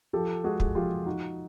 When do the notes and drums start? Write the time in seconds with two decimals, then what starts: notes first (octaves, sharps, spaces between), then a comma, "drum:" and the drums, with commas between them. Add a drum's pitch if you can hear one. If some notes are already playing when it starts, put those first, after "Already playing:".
0.13 F3 G4 A4
0.44 G#3 F#4 G#4
0.60 drum: kick
0.75 F3 F4 G4
1.06 D#4 F#4